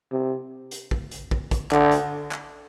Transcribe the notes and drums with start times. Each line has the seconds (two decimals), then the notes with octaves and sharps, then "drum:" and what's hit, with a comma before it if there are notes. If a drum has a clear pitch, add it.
0.12 C3
0.71 drum: hi-hat
0.91 drum: kick
1.11 drum: hi-hat
1.31 drum: kick
1.51 drum: kick, hi-hat
1.71 D3, drum: clap
1.91 drum: hi-hat
2.32 drum: clap